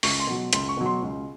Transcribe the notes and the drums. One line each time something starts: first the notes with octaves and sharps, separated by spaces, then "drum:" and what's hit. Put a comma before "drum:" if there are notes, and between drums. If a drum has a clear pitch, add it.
C#2 C#6, drum: open hi-hat
C6
B2 F#3
C#2 C6, drum: hi-hat
C#6
B2 F#3
C6
C#2